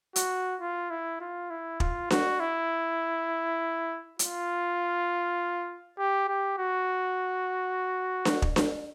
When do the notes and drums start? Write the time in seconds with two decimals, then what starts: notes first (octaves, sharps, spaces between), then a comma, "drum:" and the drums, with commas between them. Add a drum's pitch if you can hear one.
0.16 F#4, drum: hi-hat
0.61 F4
0.90 E4
1.20 F4
1.50 E4
1.80 F4, drum: kick
2.10 F#4, drum: snare D4
2.40 E4
4.19 F4, drum: hi-hat
5.99 G4
6.29 G4
6.58 F#4
8.25 drum: snare D4
8.42 drum: kick
8.56 drum: snare D4